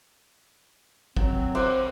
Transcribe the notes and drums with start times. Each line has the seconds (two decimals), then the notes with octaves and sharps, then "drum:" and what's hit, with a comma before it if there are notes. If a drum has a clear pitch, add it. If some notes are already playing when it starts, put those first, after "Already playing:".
1.17 F#3 C4, drum: kick
1.55 C5 D6 F#6, drum: cymbal